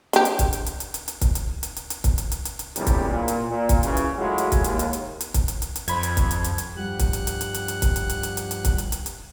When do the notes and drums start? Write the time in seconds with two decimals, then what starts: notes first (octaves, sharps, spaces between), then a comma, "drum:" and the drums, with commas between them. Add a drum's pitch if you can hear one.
0.13 D4 G4, drum: hi-hat
0.25 drum: hi-hat
0.39 drum: kick, hi-hat
0.53 drum: hi-hat
0.66 drum: hi-hat
0.80 drum: hi-hat
0.94 drum: hi-hat
1.08 drum: hi-hat
1.21 drum: kick, hi-hat
1.35 drum: hi-hat
1.63 drum: hi-hat
1.77 drum: hi-hat
1.90 drum: hi-hat
2.04 drum: kick, hi-hat
2.18 drum: hi-hat
2.32 drum: hi-hat
2.45 drum: hi-hat
2.59 drum: hi-hat
2.76 A#1 E2 A2 C3 G3, drum: hi-hat
2.87 drum: kick, hi-hat
3.10 A#2
3.28 drum: hi-hat
3.50 A#2
3.69 drum: kick, hi-hat
3.83 F#2 C#3 E3, drum: hi-hat
3.97 drum: hi-hat
4.18 F#3 G#3 A3 E4 F4
4.38 drum: hi-hat
4.52 drum: kick, hi-hat
4.64 D#2, drum: hi-hat
4.79 drum: hi-hat
4.93 drum: hi-hat
5.21 drum: hi-hat
5.34 drum: kick, hi-hat
5.48 drum: hi-hat
5.62 drum: hi-hat
5.76 drum: hi-hat
5.88 F2 C5 B5 G#6, drum: hi-hat
6.03 drum: hi-hat
6.17 drum: kick, hi-hat
6.31 drum: hi-hat
6.44 drum: hi-hat
6.58 drum: hi-hat
6.77 G2 F3 G3 G4 F#5 F#6
6.99 drum: kick, hi-hat
7.13 drum: hi-hat
7.27 drum: hi-hat
7.41 drum: hi-hat
7.54 drum: hi-hat
7.68 drum: hi-hat
7.82 drum: kick, hi-hat
7.96 drum: hi-hat
8.10 drum: hi-hat
8.23 drum: hi-hat
8.37 drum: hi-hat
8.51 drum: hi-hat
8.65 drum: kick, hi-hat
8.78 drum: hi-hat
8.92 drum: hi-hat
9.06 drum: hi-hat